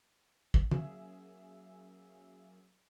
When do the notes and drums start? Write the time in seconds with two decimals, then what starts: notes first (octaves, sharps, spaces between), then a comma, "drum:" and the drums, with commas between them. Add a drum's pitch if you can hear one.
0.54 drum: kick
0.71 F#3 A#3 C#4 G#4 E5, drum: tom